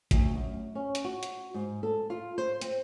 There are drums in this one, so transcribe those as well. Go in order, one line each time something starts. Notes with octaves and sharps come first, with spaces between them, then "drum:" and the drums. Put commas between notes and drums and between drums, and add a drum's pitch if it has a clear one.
D2, drum: kick A1, hi-hat
F#2
C#4
drum: hi-hat
F#4
drum: hi-hat
G#2
A4
F4
C5
C4, drum: hi-hat